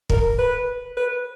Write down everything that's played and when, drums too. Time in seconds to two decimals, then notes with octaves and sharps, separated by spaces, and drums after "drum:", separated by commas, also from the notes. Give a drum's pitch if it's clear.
0.10 A#4, drum: kick
0.38 B4
0.97 B4